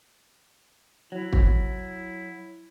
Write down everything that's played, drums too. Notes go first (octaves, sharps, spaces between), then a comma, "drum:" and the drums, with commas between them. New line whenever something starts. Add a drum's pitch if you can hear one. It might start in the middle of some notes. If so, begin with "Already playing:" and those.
F#3 E4
drum: kick